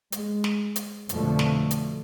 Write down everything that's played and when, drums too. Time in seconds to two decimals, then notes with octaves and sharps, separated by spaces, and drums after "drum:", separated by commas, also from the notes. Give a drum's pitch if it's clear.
0.12 G#3, drum: hi-hat
0.44 drum: snare
0.76 drum: hi-hat
1.09 F2 B2 D3 F3 A3, drum: hi-hat
1.39 drum: snare
1.71 drum: hi-hat